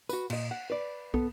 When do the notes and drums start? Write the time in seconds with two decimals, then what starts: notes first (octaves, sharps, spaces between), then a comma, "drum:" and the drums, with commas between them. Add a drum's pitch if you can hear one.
0.09 F#4 B4, drum: tambourine
0.30 A#2 D#5, drum: cymbal
0.51 F#5
0.70 B4 D5
1.14 B3 A4, drum: kick